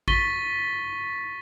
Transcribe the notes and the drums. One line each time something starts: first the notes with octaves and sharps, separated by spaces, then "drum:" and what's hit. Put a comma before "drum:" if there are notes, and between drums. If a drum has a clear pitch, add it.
C#6 A6 B6 G7, drum: kick